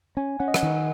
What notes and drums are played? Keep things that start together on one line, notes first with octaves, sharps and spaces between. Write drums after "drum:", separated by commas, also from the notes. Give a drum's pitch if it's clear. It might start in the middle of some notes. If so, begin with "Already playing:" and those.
C#4 G#5
C#4 F#5
D#5
F#5, drum: rim click
D#3